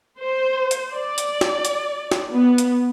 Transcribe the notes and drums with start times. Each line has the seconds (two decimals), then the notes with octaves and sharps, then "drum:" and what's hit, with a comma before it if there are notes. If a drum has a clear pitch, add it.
0.19 C5
0.71 drum: hi-hat
0.94 D5
1.18 drum: hi-hat
1.41 drum: snare
1.65 drum: hi-hat
2.11 drum: snare
2.31 B3
2.58 drum: hi-hat